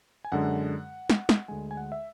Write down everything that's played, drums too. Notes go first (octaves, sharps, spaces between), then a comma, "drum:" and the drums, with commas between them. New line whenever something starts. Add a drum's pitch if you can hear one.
G#5
F#2 D3 G#3 F#5
drum: snare
drum: snare
D2 D3 G#3 G#5
G#5
F#5
E5